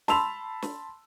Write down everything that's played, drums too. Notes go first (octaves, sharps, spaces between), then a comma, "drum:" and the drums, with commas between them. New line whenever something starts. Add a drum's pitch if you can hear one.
A5 B5 C6 E6 F7, drum: snare
drum: snare